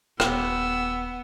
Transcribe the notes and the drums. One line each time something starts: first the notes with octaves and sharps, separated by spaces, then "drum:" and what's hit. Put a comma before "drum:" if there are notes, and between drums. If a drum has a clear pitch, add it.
D#1 B3 G4 E6, drum: rim click